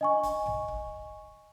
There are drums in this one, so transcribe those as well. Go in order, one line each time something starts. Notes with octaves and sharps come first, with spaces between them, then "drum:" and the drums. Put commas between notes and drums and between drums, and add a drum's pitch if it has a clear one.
D#5 G#5 C#6
drum: kick C#1, hi-hat
drum: tom A#1
drum: kick C#1